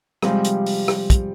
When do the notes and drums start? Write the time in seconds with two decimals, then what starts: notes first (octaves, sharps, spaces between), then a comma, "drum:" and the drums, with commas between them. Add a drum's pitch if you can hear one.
0.22 C3 F3 G3 G#3, drum: rim click
0.44 drum: hi-hat
0.66 drum: open hi-hat
0.88 drum: rim click
1.10 drum: kick, hi-hat